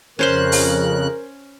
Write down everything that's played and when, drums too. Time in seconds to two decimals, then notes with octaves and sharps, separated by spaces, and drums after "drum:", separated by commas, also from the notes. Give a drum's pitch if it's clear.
0.19 F2 C#3 C#4 A#4 C5 C6 F#6
0.52 drum: open hi-hat